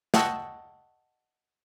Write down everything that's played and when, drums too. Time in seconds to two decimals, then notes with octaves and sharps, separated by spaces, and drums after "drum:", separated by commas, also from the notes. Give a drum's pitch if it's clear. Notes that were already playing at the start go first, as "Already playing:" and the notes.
0.14 D#5 F#5 G5 A5 C#6 E6, drum: snare